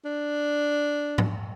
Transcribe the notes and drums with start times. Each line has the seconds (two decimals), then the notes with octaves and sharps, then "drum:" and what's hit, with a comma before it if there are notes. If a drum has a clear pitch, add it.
0.05 D4
1.18 drum: tom G#2